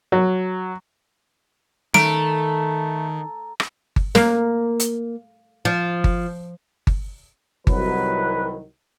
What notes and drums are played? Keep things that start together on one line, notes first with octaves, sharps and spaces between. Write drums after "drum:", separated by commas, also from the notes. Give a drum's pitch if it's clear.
F#3
D#3 A3 A#5 D7, drum: snare
drum: rim click
drum: kick G1
A#3, drum: snare
drum: hi-hat
F3
drum: kick G1
drum: kick G1
C2 D#3 F#3 B4, drum: kick G1